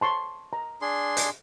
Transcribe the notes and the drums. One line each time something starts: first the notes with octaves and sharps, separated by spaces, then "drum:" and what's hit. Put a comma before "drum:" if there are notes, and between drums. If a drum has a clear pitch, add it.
A5 C6 C#6
A#5
D4 G#4 C6
drum: hi-hat